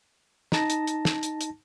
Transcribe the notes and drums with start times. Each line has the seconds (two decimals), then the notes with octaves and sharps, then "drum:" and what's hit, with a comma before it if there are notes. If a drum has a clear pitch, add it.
0.52 D#4 A5 A#6, drum: snare
0.70 drum: hi-hat
0.87 drum: hi-hat
1.05 drum: snare
1.23 drum: hi-hat
1.41 drum: hi-hat